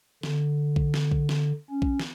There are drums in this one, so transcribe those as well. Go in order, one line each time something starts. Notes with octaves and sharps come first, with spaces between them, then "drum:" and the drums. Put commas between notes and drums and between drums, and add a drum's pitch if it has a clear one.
D3, drum: snare
drum: kick A#1
drum: snare
drum: kick A#1
drum: snare
C#4
drum: kick A#1
drum: snare